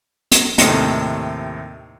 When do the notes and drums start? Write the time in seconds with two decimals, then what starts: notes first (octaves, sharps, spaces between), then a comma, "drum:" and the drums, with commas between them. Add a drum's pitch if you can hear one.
0.31 drum: hi-hat
0.58 D#2 A2 C3 A3 D#4, drum: hi-hat